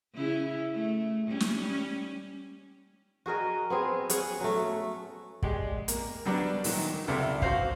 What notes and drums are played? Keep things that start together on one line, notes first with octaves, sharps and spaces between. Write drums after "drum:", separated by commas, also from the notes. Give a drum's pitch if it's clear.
C#3 C#4 E4
A3
G3 C#4
drum: snare
F#4 G#4 A#4 D#5
B3 C4 G#4
C#4 G#4 F#5, drum: hi-hat
F#3 A3
G#3 G4 D5, drum: kick
A#3, drum: hi-hat
F#3 G3 B3 D4
A#2 D#3 F#3, drum: open hi-hat
C#2 C3 A4 D5 E5 D6
F#4 C5 F5, drum: kick